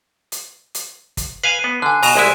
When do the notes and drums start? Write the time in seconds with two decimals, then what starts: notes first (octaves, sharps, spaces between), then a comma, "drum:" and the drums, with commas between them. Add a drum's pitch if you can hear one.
0.32 drum: hi-hat
0.74 drum: hi-hat
1.17 drum: kick, hi-hat
1.43 B4 F5 G#5 C7 D#7
1.64 B3
1.82 D3 G#5 F#6
2.03 B2 G#5 A#5 D#7 E7, drum: open hi-hat
2.15 C2 G#3 E4